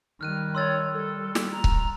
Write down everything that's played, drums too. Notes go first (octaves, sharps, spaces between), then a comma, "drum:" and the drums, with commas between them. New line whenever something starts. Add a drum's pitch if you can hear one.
D#3 G3 F6 F#6 D#7
C#5 C6 E6 A6
G3 A4
drum: snare
A#5
drum: kick C#1